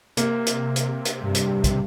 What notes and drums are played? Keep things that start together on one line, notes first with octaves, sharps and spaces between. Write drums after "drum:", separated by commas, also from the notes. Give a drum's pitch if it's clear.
C3 A#3, drum: hi-hat
drum: hi-hat
drum: hi-hat
drum: hi-hat
G2
drum: hi-hat
drum: kick, hi-hat